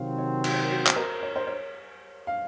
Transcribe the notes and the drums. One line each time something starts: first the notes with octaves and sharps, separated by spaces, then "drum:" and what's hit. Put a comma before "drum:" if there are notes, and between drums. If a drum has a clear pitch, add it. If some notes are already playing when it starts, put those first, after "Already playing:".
Already playing: C3 D#3 F#3 C4 F5
C#5
F#4, drum: cymbal
F#4
C5, drum: clap
A#4
C#5
C5
C#5
F5